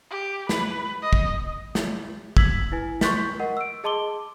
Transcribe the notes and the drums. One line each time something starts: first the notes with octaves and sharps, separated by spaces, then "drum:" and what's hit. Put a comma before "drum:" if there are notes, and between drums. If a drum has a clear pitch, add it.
G4
B4, drum: snare
D#5
drum: kick
drum: snare
E6 G#6 B6 F#7, drum: kick
E4 B4 G#5
C6 C#6 F#6 G6 A6 B6, drum: snare
A#4 D#5 F#5
E6 D7
G#4 D#5 A5 C6 D6 G7